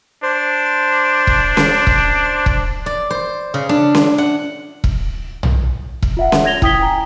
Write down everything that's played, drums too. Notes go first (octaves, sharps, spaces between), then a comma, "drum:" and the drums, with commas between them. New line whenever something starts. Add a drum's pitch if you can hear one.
D4 C5
drum: kick E1
drum: snare C#4
drum: kick E1
drum: kick E1
D5
C5
C#3
D4
drum: snare C#4
F#5
drum: kick E1
drum: tom
drum: kick E1
F4 E5 F#5
drum: snare C#4
G#6 A#6 F7 G7
E4 G5 D#6 G#6 B6 G7, drum: kick E1
G5 G#5 A#5